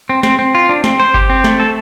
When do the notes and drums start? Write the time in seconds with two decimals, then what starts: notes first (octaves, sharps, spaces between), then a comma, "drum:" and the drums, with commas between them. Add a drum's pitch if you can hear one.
0.09 C4
0.23 C4, drum: snare
0.39 C4
0.55 F4
0.69 D4
0.84 C4, drum: snare
1.00 C5
1.14 G4, drum: kick G1
1.30 C4
1.44 A3, drum: snare
1.60 A4